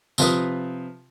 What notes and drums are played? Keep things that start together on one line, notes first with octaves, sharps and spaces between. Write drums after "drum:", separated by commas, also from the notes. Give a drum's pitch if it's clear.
C3 F3 F4 B4 D#6, drum: tambourine